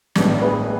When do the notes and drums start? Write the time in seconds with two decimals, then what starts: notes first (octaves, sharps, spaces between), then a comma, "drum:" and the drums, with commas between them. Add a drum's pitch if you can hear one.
0.15 A1 A2 G#3 B3 D4, drum: snare
0.42 G#4 B4